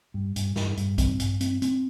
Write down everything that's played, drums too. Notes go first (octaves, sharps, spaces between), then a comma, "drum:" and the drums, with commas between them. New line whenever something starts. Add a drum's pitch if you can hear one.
G2
G2, drum: hi-hat
G2, drum: snare
G2, drum: hi-hat
C4, drum: kick A#1, hi-hat
G2, drum: hi-hat
C4, drum: hi-hat
C4, drum: hi-hat